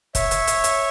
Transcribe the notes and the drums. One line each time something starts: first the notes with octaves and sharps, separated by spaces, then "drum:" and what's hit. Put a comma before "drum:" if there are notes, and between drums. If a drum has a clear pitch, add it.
C#5 E5, drum: kick, hi-hat
drum: hi-hat
drum: hi-hat
drum: hi-hat